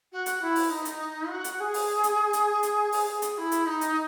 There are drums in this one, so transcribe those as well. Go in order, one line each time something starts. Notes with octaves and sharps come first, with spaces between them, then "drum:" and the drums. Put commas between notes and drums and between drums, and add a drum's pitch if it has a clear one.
F#4
drum: hi-hat
E4
drum: open hi-hat
D#4
drum: hi-hat
F#4
drum: hi-hat
G#4
drum: open hi-hat
drum: hi-hat
drum: hi-hat
drum: hi-hat
drum: open hi-hat
G#4
drum: hi-hat
E4
drum: hi-hat
D#4
drum: hi-hat